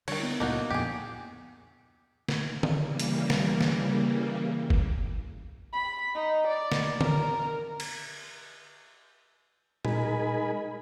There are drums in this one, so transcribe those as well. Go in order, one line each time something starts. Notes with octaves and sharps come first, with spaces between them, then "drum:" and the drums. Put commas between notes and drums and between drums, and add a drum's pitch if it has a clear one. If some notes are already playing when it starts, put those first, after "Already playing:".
D3 D#3 G3 C#5, drum: cymbal
B3 E4
C#2 A#2 D3 A#3 D#4 F#4
F2 A#2 D3 G4 G#4
drum: snare
drum: tom D3
C#3 E3 G3 A#3
drum: hi-hat
drum: snare
drum: snare
drum: kick
B5
D#4
D5
drum: snare
A#4, drum: tom D3
drum: cymbal
G#3 D#4 A#4 G#5 B5, drum: tom A#2